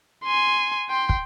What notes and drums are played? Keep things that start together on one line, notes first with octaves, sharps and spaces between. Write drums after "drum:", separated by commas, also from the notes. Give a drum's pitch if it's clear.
G#5 C6
G5 C6
drum: kick